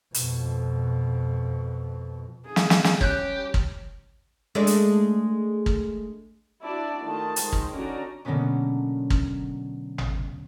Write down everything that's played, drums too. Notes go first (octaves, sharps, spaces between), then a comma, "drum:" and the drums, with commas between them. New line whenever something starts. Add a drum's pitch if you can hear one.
F2 B2, drum: hi-hat
G#4
drum: snare
drum: snare
drum: snare
G3 C#4 G4 F#6 G6, drum: kick
drum: kick
G#3 A3 D4
drum: hi-hat
drum: kick
D4 E4 F#4 D5 A5
D#3 A3 F4 F#4 A5
D#3 G#3 C5, drum: hi-hat
drum: kick
D3 C#4 D#4 F#4 D5 A#5
B2 D3 F#3 A#3 B3 C#4
drum: kick
drum: tom G#1